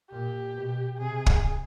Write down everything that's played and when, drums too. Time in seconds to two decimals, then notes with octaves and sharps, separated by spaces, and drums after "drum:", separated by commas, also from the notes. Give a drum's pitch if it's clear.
0.11 A#2 G4
0.54 B2
0.98 C3 G#4
1.26 drum: kick